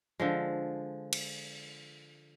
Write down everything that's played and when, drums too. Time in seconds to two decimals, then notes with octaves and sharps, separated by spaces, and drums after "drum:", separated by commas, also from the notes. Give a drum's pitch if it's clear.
0.20 D3 F3 G#3
1.13 drum: cymbal